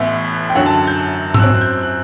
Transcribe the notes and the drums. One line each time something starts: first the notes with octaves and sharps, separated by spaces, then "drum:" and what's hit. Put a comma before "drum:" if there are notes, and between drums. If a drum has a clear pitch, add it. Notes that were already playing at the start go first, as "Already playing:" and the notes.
Already playing: A1 A2 E3 B3 E5
G5
F#2 D3 F#3 F#5
A5
G6
E6, drum: tom G#2
F#2 F#3 C4 F#6
F#6
G6
F#6